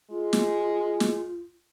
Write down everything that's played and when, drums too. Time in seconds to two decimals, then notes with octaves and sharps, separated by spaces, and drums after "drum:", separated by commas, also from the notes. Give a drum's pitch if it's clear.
0.10 G#3 F4
0.33 drum: snare
1.00 drum: snare